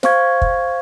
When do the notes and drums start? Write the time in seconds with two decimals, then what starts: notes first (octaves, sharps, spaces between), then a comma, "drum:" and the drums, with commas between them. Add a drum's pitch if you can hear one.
0.03 C5 F5 C#6 G#6, drum: snare
0.42 drum: kick